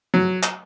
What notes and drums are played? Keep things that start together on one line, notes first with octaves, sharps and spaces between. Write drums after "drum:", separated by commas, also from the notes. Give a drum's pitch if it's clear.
F#3
drum: clap